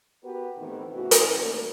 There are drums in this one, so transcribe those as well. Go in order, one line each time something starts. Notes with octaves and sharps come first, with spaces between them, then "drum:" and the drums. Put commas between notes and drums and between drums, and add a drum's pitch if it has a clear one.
B3 F#4 G4 A#4 B4
A2 D#3 E3 B3 C4
A2 C#3 E3 F#4
drum: hi-hat
D#3 G3 A3 A#3 C#4